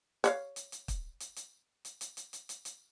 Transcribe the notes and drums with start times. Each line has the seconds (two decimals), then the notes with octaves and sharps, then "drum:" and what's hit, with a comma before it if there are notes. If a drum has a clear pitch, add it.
0.24 C#5 D5 F5, drum: hi-hat
0.56 drum: hi-hat
0.72 drum: hi-hat
0.88 drum: kick, hi-hat
1.20 drum: hi-hat
1.36 drum: hi-hat
1.85 drum: hi-hat
2.01 drum: hi-hat
2.17 drum: hi-hat
2.33 drum: hi-hat
2.49 drum: hi-hat
2.65 drum: hi-hat